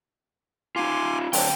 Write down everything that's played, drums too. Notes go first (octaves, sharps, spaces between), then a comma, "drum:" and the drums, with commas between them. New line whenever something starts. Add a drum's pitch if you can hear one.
D#4 F4 G#5 C6 D6
D2 F#3 C4 D4 G5, drum: open hi-hat